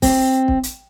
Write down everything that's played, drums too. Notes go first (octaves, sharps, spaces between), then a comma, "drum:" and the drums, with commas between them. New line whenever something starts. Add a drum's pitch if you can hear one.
C4, drum: kick, open hi-hat
drum: kick
drum: hi-hat